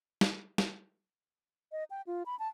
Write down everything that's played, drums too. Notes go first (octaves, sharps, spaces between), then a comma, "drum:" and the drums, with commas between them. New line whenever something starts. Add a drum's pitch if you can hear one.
drum: snare
drum: snare
D#5
G5
F4
B5
A5